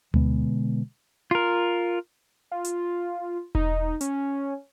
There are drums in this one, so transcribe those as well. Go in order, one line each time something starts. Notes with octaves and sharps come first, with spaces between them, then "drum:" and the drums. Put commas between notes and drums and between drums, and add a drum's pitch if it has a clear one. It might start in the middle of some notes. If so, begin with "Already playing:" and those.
B2 D3 G#3 B3, drum: tom D2
F4 A#4
F4
drum: hi-hat
D#4, drum: kick E1
C#4, drum: hi-hat